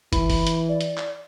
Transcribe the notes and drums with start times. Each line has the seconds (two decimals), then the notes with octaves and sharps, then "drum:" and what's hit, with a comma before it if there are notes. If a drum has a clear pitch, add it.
0.13 E3 B5, drum: kick, hi-hat
0.30 drum: kick, open hi-hat
0.47 drum: hi-hat
0.69 D5
0.81 drum: hi-hat
0.98 drum: clap